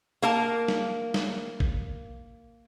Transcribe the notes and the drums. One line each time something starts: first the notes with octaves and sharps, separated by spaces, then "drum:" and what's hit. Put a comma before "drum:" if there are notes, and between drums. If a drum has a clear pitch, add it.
A#3 A#4 A5
drum: snare
drum: snare
drum: kick G#1